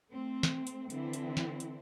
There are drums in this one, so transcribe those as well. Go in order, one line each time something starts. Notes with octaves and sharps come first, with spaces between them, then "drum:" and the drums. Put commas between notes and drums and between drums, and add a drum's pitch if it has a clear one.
A3 C4
drum: snare
drum: hi-hat
D3 E3 C4 E4, drum: hi-hat
drum: hi-hat
drum: snare
drum: hi-hat